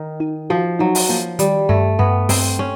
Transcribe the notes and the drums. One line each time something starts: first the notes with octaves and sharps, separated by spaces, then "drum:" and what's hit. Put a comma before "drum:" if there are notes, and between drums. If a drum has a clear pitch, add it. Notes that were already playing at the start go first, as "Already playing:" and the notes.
Already playing: D#3
D#4
F3 F#4
F#3 D#4
drum: open hi-hat
F3 A#3
D#3 G3, drum: hi-hat
G2 A3
G2 B3
G2 C4, drum: open hi-hat
C#4